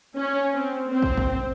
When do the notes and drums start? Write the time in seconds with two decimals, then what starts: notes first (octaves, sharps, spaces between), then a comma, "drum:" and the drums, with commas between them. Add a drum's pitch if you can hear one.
0.16 C#4
0.53 C4
0.87 C4
1.02 drum: kick
1.17 drum: kick